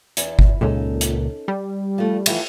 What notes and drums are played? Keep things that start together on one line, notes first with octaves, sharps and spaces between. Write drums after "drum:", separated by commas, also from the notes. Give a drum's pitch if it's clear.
E2, drum: hi-hat
drum: kick G1
C#2 A#2 C#4 D#4 A4
drum: hi-hat
G3
F3 A3
E3 F3 A3, drum: cymbal